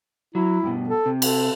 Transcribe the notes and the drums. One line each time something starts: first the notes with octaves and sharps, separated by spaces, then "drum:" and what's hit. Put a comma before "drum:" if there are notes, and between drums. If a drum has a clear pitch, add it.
F#3 E4
G2 B2
A4
C3
A4, drum: cymbal